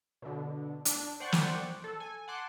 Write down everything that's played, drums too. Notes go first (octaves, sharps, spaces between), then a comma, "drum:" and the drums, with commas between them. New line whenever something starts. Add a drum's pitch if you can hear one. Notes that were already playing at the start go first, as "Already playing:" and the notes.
B2 D3
D4, drum: hi-hat
C5 D5 F#5 G5 C#6
drum: snare
A4
G#5
F#5 A5 C6 D6 F#6